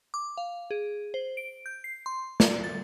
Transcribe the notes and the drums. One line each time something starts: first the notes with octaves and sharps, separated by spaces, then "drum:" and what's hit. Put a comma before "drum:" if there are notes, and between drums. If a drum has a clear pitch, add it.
D6
F5
G#4
C5
D7
G6
C7
C6
D5, drum: snare
A6